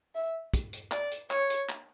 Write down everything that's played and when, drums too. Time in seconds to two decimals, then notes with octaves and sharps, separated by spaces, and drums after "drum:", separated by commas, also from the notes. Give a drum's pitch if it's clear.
0.15 E5
0.54 drum: kick, hi-hat
0.73 drum: hi-hat
0.92 D5, drum: clap
1.11 drum: hi-hat
1.31 C#5, drum: clap
1.50 drum: hi-hat
1.69 drum: clap